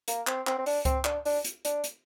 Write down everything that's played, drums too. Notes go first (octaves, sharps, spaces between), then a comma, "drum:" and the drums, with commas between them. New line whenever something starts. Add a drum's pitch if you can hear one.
A#3, drum: hi-hat
C4, drum: clap
C4, drum: clap
C4
D4, drum: open hi-hat
C4, drum: kick C#2, hi-hat
D4, drum: clap
D4, drum: open hi-hat
drum: hi-hat
D4, drum: hi-hat
drum: hi-hat